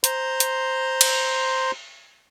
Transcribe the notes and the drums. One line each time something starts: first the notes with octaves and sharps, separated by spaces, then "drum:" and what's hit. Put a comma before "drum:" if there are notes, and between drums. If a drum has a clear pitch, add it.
C5 A#5 C6, drum: hi-hat
drum: hi-hat
drum: cymbal